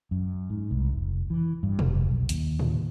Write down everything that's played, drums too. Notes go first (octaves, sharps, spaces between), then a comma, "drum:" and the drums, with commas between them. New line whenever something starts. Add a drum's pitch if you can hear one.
F#2
G#2
C2
F1
E3
G2
F1, drum: tom B2
B1
D#2, drum: hi-hat
drum: tom A2